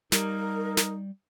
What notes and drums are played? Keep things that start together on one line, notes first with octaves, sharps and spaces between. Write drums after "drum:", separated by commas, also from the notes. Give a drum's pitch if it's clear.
G3 D#4 A#4, drum: snare
drum: snare